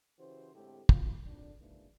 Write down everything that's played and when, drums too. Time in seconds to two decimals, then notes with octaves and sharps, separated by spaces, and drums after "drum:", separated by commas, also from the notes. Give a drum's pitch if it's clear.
0.18 C#3 E3 F#4 G4 C5
0.55 C2 A2 D3 G#3 C4 G4
0.89 B2 D#3 A#3 F4, drum: kick
1.26 G#1 F2 D3 D4
1.59 D2 G#2 E3 G#3 A#3 D4